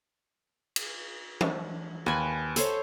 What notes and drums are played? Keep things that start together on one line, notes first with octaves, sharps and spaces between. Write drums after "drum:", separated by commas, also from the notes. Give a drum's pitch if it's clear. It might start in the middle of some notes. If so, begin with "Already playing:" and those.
drum: cymbal
drum: tom E3
D#2 B4 G#5
A4 C5 C#5, drum: hi-hat